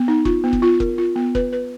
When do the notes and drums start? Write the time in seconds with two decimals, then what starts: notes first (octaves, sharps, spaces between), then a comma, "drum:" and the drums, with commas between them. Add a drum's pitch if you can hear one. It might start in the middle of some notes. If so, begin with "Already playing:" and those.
Already playing: B3
0.08 D#4
0.25 F4, drum: kick
0.44 B3
0.53 drum: kick
0.62 F4
0.80 A#4, drum: kick
0.98 F4
1.16 B3
1.35 B4, drum: kick
1.53 B4